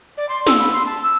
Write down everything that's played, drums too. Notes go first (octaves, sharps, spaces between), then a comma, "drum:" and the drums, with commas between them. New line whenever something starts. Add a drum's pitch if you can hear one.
D5
C6
E6, drum: snare
B5
C6
A5
E6